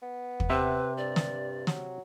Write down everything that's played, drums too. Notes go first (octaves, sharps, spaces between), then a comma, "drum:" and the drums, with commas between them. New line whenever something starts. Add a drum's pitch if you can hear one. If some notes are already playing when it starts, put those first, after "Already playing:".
B3
drum: kick
C3 B4 E5
G2 D5
drum: snare
F#3, drum: snare